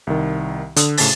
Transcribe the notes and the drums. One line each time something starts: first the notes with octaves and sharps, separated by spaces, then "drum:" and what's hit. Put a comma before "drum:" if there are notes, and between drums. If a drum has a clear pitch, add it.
C2 D#3
D3 D#6, drum: hi-hat
A2 C#3 C#4 A5 A6 B6, drum: open hi-hat